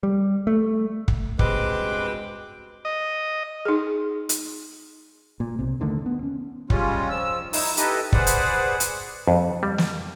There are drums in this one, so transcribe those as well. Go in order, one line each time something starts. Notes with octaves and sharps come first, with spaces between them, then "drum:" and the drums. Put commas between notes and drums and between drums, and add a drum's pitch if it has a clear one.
G3
A3
drum: kick
G2 B2 G#3 C4 B4 G5 D6, drum: kick
D#5
D#4 G#4
drum: hi-hat
A#2
B1 C3
D#2 D3 D#3 A3
B3
C#4
G3 G#3 C#4 F4, drum: kick
F3 E6
D#4 E4, drum: open hi-hat
D#4 E4 G4 A4 B4 D#5, drum: hi-hat
G#4 B4 C5 D5 F#5, drum: kick
drum: hi-hat
drum: hi-hat
F2
G3
drum: snare